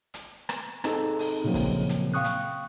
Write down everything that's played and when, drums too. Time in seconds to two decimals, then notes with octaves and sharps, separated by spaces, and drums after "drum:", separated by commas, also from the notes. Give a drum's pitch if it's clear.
0.14 drum: hi-hat
0.49 drum: rim click
0.84 C4 D#4 G#4 A4, drum: rim click
1.19 drum: open hi-hat
1.44 A#2 C#3 F3 F#3 A#3 C4
1.54 drum: kick, open hi-hat
1.89 drum: hi-hat
2.14 F5 G5 C#6 D#6 F#6
2.24 drum: hi-hat